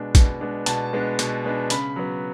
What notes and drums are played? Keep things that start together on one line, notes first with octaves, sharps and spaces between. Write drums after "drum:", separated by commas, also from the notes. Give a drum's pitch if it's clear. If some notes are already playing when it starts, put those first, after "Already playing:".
Already playing: B2 G#3 B3 D4
B2, drum: kick, hi-hat
G#3 B3 D4
B2 A5, drum: hi-hat
G#3 B3 D4
B2, drum: hi-hat
G#3 B3 D4
C#3 B5, drum: hi-hat
F#3 B3